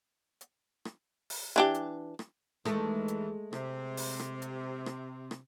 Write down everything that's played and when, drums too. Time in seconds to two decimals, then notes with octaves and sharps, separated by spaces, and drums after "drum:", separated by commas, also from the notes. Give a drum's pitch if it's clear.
0.41 drum: hi-hat
0.85 drum: rim click
1.30 drum: open hi-hat
1.56 E3 D4 G4
1.74 drum: hi-hat
2.19 drum: rim click
2.65 D#2 D#3 E3 G#3 A3, drum: rim click
3.08 drum: hi-hat
3.53 C3, drum: rim click
3.97 drum: open hi-hat
4.19 drum: rim click
4.42 drum: hi-hat
4.86 drum: rim click
5.31 drum: rim click